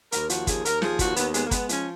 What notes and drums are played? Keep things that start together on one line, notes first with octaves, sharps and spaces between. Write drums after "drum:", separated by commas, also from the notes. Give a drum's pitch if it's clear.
D#2 A#4, drum: hi-hat
F3 F#4, drum: hi-hat
D#2 G#4, drum: kick, hi-hat
D#2 A#4, drum: hi-hat
F3 G#4, drum: snare
D#2 F#4, drum: kick, hi-hat
D#2 B3, drum: hi-hat
G#3 B3, drum: hi-hat
A#3
G#3 B3, drum: kick, hi-hat
F3 C#4, drum: hi-hat